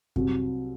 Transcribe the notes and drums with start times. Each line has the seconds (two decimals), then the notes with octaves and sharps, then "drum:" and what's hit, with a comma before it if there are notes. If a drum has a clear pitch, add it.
0.16 C2 C3 F#3, drum: kick F#2